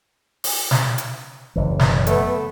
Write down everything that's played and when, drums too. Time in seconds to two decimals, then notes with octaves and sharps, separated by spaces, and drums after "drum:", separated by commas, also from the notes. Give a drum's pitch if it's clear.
0.44 drum: open hi-hat
0.71 drum: snare
0.98 drum: hi-hat
1.56 F#1 E3
1.79 drum: snare
2.07 A3 B3, drum: hi-hat